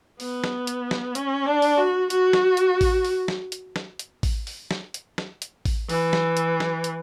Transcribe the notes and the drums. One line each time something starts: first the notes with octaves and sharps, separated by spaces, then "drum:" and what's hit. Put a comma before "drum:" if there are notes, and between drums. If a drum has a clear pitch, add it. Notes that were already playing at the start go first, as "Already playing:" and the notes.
B3, drum: open hi-hat
drum: snare
drum: hi-hat
drum: snare
C#4, drum: hi-hat
D4
drum: open hi-hat
F#4
F#4, drum: hi-hat
drum: snare
drum: hi-hat
drum: kick A1, open hi-hat
drum: open hi-hat
drum: snare
drum: hi-hat
drum: snare
drum: hi-hat
drum: kick A1, open hi-hat
drum: open hi-hat
drum: snare
drum: hi-hat
drum: snare
drum: hi-hat
drum: kick A1, open hi-hat
E3, drum: open hi-hat
drum: snare
drum: hi-hat
drum: snare
drum: hi-hat